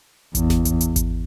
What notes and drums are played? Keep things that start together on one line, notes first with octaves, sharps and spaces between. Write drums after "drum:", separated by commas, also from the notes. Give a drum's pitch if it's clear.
E2, drum: kick G#1, hi-hat
drum: snare G1
drum: kick G#1, hi-hat
drum: hi-hat
drum: kick G#1, hi-hat